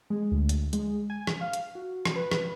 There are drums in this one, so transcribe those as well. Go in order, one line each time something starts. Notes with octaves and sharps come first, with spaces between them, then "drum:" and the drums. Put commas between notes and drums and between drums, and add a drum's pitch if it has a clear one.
G#3
D2
drum: hi-hat
G#3, drum: hi-hat
G#5
drum: rim click
F5
drum: hi-hat
F#4
drum: rim click
B4
drum: rim click